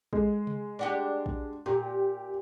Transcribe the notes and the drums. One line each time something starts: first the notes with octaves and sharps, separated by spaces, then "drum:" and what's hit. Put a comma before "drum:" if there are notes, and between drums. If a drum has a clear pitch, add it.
G#3, drum: kick
drum: tom C3
D4 F#4 G4
drum: kick
A#2 G4